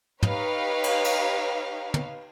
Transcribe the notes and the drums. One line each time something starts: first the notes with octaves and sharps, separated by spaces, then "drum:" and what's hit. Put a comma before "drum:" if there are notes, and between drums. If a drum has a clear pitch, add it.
D#4 G4 B4 C#5 F5, drum: tom
drum: cymbal
drum: cymbal
drum: tom